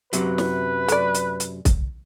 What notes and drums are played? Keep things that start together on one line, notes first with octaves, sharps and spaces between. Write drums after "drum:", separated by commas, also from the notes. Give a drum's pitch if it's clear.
F#2 C3 F#3 B4, drum: hi-hat
drum: snare
A3 D5, drum: hi-hat
drum: hi-hat
drum: hi-hat
drum: kick, hi-hat